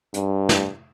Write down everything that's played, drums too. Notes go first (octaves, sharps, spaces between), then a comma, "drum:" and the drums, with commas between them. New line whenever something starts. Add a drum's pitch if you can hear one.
G2, drum: hi-hat
drum: snare